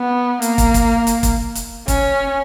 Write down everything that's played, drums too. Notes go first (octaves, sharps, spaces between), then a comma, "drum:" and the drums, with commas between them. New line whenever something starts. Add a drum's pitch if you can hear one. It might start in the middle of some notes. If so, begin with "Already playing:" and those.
Already playing: B3
A#3, drum: hi-hat
drum: kick, hi-hat
drum: kick, hi-hat
drum: hi-hat
drum: kick, hi-hat
drum: hi-hat
C#4, drum: kick, hi-hat